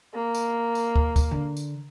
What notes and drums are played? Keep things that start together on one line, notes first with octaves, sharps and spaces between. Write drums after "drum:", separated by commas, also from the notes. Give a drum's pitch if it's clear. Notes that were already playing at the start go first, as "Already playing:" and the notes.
A#3
drum: tambourine
drum: tambourine
drum: kick
drum: kick, tambourine
D3
drum: tambourine